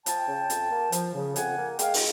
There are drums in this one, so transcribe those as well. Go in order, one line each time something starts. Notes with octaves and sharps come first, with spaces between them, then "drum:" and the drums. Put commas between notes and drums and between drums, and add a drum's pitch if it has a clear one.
F3 G5 A5, drum: hi-hat
C#3
F2, drum: hi-hat
A#3
F3, drum: hi-hat
C#3
F2 F#5 G#5, drum: hi-hat
A#3
G#3 F5 G5, drum: hi-hat
drum: open hi-hat